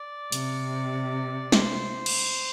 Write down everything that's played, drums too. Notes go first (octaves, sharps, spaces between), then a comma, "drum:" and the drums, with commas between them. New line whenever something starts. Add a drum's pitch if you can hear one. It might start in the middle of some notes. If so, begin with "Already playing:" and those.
Already playing: D5
C3, drum: hi-hat
C5, drum: snare
drum: cymbal